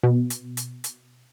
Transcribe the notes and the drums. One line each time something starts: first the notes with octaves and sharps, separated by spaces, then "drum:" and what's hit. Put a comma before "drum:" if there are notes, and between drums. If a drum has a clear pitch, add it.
B2
drum: hi-hat
drum: hi-hat
drum: hi-hat